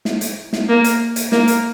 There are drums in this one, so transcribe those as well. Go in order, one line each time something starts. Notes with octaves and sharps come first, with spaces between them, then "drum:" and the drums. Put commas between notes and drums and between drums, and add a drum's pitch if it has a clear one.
drum: snare
drum: hi-hat
drum: snare
A#3
drum: hi-hat
drum: hi-hat
A#3, drum: snare
drum: hi-hat